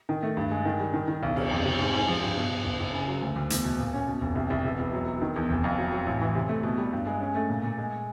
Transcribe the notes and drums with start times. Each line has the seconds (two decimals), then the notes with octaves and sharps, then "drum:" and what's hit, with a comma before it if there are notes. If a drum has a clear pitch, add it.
0.09 D#3
0.23 A3
0.37 G2
0.51 G#3
0.65 D#3
0.80 G3
0.94 D#3
1.08 D#3
1.23 B1
1.36 B1, drum: cymbal
1.51 F2
1.65 C3
1.79 G#2
1.93 G#2
2.08 F3
2.23 G2
2.37 B2
2.50 B2
2.65 F#1
2.79 F#1
2.93 C#3
3.08 F#3
3.22 D2
3.36 D2
3.50 E2, drum: hi-hat
3.65 B2
3.79 A#2
3.93 C#4
4.07 B2
4.21 F1
4.35 C2
4.50 C2
4.64 E1
4.79 E1
4.93 F#3
5.07 F#3
5.22 D#3
5.36 E2
5.50 F1
5.64 F2
5.78 F#3
5.92 F#3
6.06 A1
6.21 E3
6.35 C3
6.49 A3
6.63 B2
6.78 G3
6.92 G2
7.07 G#3
7.20 C#4
7.35 A3
7.49 A#2
7.63 A#2
7.78 G#3